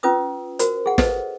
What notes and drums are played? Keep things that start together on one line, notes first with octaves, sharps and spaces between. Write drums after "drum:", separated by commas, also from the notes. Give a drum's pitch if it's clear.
C#4 F4 B4 D#6 E6
F#4 A#4 C5, drum: hi-hat
G#4 F#5
A4 B4 C5 D#5, drum: snare